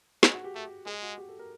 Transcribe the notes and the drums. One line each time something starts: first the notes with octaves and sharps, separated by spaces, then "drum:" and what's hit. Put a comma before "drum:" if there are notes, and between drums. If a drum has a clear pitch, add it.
G#3 G#4, drum: snare
F#4
G4
A3
G#3 G#4
F#4
G4
A4
A#4